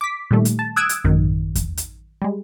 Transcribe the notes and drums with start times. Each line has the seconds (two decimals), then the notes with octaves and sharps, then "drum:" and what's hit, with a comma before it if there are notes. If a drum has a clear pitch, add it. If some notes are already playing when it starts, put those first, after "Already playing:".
0.01 D6 B6
0.31 A#2 D#3 G3 A3
0.45 drum: hi-hat
0.59 A5
0.76 D#6 E6 F#6 G#6 D7 E7
0.89 drum: hi-hat
1.04 A1 F#2 D#3
1.55 drum: kick E2, hi-hat
1.77 drum: hi-hat
2.22 G3 G#3